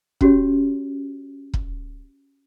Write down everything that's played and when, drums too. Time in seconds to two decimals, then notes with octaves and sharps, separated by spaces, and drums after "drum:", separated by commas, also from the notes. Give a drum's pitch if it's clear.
0.21 C#4 F#4 G4 C#5, drum: kick
1.54 drum: kick